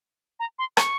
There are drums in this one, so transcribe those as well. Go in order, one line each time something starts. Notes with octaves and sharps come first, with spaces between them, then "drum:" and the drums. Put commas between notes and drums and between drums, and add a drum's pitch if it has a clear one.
A#5
C6
C#6, drum: rim click